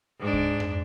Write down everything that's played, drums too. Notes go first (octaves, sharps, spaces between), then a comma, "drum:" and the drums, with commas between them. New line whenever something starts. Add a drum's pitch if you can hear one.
G#2 D4
drum: kick C#2
drum: tom F2